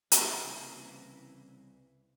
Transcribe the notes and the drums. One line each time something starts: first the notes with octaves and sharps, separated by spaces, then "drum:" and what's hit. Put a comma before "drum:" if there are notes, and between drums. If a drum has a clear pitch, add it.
C2 C#3 E3 A#3 E4, drum: hi-hat